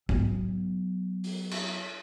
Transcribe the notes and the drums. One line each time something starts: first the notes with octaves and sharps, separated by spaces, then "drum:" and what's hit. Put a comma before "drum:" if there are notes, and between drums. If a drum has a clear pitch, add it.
F#3 B3, drum: kick
drum: open hi-hat
drum: cymbal